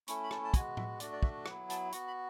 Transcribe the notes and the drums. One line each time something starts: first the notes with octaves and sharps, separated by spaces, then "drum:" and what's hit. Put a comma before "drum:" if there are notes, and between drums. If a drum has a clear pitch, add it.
A3 C#4 E4 C#6, drum: hi-hat
B5
A5, drum: rim click
A5
G#3 B3 F#4 G#5, drum: kick, hi-hat
E5, drum: tom A2
A3 D4 F#4 D5, drum: hi-hat
D5
E5, drum: kick
F#3 B3 E4 F#5, drum: rim click
A5, drum: hi-hat
B3 F#4 C#6, drum: hi-hat
B5